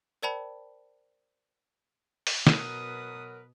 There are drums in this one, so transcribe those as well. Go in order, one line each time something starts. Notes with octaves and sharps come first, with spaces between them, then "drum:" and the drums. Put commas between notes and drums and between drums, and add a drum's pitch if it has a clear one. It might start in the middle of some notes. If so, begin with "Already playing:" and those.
A#4 C5 D5 G5 A5 B5
drum: open hi-hat
B2 F#3 A#4 B4 D#6, drum: snare